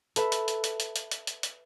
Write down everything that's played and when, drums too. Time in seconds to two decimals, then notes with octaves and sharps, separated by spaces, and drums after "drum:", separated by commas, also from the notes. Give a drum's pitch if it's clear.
0.16 A4 B4 E5, drum: hi-hat
0.32 drum: hi-hat
0.48 drum: hi-hat
0.64 drum: hi-hat
0.80 drum: hi-hat
0.96 drum: hi-hat
1.11 drum: hi-hat
1.27 drum: hi-hat
1.43 drum: hi-hat